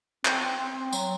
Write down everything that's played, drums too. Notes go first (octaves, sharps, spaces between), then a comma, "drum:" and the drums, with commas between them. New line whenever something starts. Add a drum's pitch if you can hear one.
C4, drum: clap
C4
C4
C4
F#3, drum: tambourine